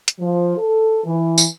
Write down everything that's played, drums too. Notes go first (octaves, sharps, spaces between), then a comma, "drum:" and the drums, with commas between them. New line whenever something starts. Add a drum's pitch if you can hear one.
drum: hi-hat
F3
A4
E3
drum: tambourine